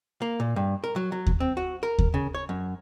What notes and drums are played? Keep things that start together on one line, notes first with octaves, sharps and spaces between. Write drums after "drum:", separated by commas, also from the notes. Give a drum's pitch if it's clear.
A#3
A#2
G2
A#4
F#3
F#3
drum: kick D#2
C4
F#4
A#4
drum: kick D#2
C#3
C#5
F#2